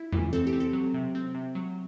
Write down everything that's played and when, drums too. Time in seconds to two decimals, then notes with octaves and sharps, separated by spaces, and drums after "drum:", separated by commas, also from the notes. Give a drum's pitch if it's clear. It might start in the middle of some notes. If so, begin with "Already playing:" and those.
Already playing: E4
0.12 E3, drum: tom E2
0.33 C4 A4
0.47 G4
0.53 C4
0.60 A4
0.73 F#3
0.94 C3
1.15 C4
1.34 C3
1.55 F#3